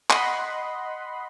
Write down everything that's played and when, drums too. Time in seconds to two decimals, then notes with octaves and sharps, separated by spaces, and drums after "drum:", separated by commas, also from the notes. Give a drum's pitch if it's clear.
0.10 D#5 F#5 B5 C6, drum: clap